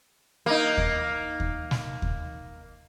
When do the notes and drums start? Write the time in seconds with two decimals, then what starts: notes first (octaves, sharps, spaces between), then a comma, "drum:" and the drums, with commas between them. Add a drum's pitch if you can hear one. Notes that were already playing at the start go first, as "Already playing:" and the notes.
0.46 A#3 D#4
0.77 drum: kick D#2
1.40 drum: kick D#2
1.71 drum: snare
2.02 drum: kick D#2